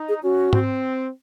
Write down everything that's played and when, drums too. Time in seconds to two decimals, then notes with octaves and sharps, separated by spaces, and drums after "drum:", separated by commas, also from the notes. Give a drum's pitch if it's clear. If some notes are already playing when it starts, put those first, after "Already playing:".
Already playing: D#4
0.09 G#4
0.23 C#4 F#4
0.53 C4, drum: tom G#2